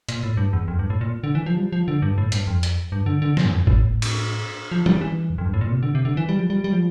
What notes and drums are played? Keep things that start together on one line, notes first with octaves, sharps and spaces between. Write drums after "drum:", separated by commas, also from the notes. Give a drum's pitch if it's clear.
A#2, drum: hi-hat
A2
G2
E2
F2
G2
A2
A#2
D3
E3
F3
G3
F3
D3
G2
A2
G2, drum: hi-hat
F2
drum: hi-hat
G2
D3
D3
A#2, drum: snare
G2
F2
A2, drum: kick
drum: cymbal
F3
G3, drum: tom E3
E3
E2
F2
G2
A2
A#2
C3
D3
C3
D3
E3
G3
F3
G3
G3
F3